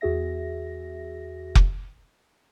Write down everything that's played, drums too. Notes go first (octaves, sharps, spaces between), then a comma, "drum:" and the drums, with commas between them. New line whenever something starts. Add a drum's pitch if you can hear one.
E2 F#4 G#4 E5 A#6
drum: kick F1